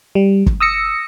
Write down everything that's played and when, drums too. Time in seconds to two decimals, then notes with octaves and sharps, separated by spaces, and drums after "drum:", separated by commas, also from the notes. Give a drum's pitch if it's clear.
0.15 G3
0.46 drum: kick
0.60 D#6 E6 A#6 C#7